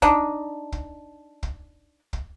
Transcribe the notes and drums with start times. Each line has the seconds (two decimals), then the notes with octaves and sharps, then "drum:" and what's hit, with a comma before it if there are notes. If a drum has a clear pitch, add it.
0.02 D4 D#4, drum: kick
0.72 drum: kick
1.43 drum: kick
2.13 drum: kick